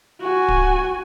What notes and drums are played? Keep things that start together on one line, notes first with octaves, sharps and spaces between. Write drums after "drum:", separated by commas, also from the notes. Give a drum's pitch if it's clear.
F#4 G#5
drum: kick D1